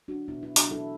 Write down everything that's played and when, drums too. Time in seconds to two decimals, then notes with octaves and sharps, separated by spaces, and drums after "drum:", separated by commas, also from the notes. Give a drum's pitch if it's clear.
0.08 D4 F#4
0.28 B2 B3 E4
0.43 E4
0.56 D4 F#4, drum: hi-hat
0.71 E4 A4